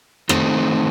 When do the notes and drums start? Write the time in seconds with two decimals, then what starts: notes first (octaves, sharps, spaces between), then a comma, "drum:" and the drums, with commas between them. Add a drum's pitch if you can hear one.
0.29 D#3 A3 C4, drum: rim click